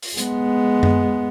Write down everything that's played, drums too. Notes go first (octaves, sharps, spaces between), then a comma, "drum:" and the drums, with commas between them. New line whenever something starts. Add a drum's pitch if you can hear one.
drum: open hi-hat
G#3 B3, drum: hi-hat
drum: tom F#2